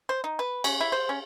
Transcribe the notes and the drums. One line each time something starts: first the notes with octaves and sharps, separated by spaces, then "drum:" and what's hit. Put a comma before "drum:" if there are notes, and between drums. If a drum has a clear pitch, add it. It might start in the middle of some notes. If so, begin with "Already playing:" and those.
C5
D#4
B4
C#4, drum: cymbal
E4
C5
C#4